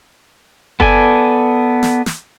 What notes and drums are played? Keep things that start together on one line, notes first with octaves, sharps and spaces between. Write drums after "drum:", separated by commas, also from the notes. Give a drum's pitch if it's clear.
B3 A4 D5 G#5, drum: kick F#1
drum: snare
drum: snare